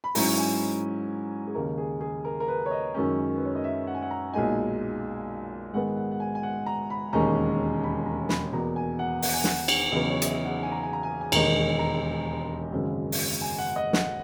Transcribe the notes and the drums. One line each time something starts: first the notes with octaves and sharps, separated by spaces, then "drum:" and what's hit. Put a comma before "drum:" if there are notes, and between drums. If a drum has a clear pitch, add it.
B5
G#2 F#3 C#4 E4 A#5, drum: open hi-hat
G#5
G#4
D#2 C#3 G#3 A#4
G#4
G#4
A#4
A#4
B4
C#5
D#5
F#2 D#3 G#3 C#4
B4
C#5
D#5
E5
F#5
G#5
F#5
A#5
B1 A#2 G#3 D#4 G#5
G#2 D#3 G#3 B3 F#5
F#5
F#5
G#5
G#5
F#5
A#5
B5
E1 D#2 D#3 G#3 C#4 A#5
B5
A#5
B5, drum: snare
E2 B2 A#3 A#5
G#5
F#5
F#5, drum: open hi-hat
G#5
F#5, drum: snare
drum: cymbal
E2 C#3 F#3 B3 D#4 D#5
C#5
E5, drum: hi-hat
D#5
F#5
G#5
A#5
G#5
A#5
G#5
G#5
E1 D#2 D#3 G#3 D#4 A#5, drum: cymbal
A#5
G#1 F#2 C#3 G#3
drum: open hi-hat
G#5
F#5
D#5
F#5, drum: snare